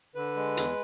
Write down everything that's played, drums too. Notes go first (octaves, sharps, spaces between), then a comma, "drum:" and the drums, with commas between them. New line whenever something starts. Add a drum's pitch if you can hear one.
D3 B4
G#3
E2, drum: hi-hat